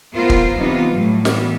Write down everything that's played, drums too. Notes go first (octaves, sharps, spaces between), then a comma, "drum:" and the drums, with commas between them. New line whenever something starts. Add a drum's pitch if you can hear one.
B3 F4 A#4 C5
drum: kick
C3 E3 B3 D#4 F4
A2 F#3 G3 A3
E3 G3 B3, drum: snare